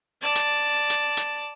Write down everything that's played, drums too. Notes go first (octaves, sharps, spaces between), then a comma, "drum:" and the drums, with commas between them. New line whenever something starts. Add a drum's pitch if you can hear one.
D5 A5
drum: hi-hat
drum: hi-hat
drum: hi-hat